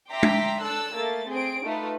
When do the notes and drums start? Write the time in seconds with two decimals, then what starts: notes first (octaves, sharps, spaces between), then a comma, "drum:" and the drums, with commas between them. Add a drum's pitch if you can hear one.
0.12 E5 G5 A#5 C6 D6 B6
0.23 drum: tom
0.61 D4 A4 A5 E6 F#6
0.95 A3 A#3 A4 A6
1.29 C4 G#4 D7
1.64 A3 D#4 F4 B4